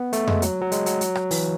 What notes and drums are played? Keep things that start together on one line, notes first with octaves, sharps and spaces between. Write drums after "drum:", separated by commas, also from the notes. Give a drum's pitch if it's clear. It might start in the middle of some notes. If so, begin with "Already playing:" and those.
Already playing: B3
A3, drum: hi-hat
G#3, drum: tom F2
F#3, drum: hi-hat
F#3
G#3, drum: hi-hat
F#3, drum: hi-hat
drum: hi-hat
drum: rim click
E3, drum: open hi-hat